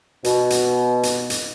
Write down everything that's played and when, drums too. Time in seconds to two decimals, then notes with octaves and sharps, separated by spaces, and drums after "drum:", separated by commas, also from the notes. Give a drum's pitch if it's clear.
0.24 B2, drum: hi-hat
0.50 drum: hi-hat
1.03 drum: hi-hat
1.30 drum: hi-hat